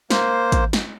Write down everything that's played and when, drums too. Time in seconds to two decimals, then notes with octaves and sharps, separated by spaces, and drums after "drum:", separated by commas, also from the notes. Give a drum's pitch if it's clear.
0.10 A#3 C5, drum: snare
0.52 drum: kick, hi-hat
0.73 drum: snare